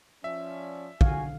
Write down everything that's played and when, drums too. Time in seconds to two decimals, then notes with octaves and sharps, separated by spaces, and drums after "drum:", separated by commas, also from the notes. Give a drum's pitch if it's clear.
0.24 F3 C#4 D5 E5
1.01 D3 F#4 F5 G#5, drum: kick